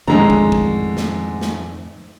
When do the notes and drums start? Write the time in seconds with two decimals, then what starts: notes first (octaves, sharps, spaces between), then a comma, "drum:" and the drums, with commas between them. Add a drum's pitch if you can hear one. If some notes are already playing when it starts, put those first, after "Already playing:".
0.07 F2 A2 D3 D#3 G#3 C#4 A#5
0.30 drum: kick
0.52 drum: kick
0.97 drum: snare
1.41 drum: snare